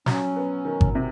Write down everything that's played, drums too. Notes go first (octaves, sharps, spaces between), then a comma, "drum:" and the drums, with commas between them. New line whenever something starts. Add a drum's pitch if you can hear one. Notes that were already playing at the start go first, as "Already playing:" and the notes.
F#3 C#4, drum: snare
B3
D#3
drum: kick G#1
C3